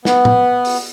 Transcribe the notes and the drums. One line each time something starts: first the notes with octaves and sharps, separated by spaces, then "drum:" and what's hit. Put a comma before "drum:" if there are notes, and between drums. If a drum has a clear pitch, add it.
B3, drum: snare
drum: tom A2
drum: open hi-hat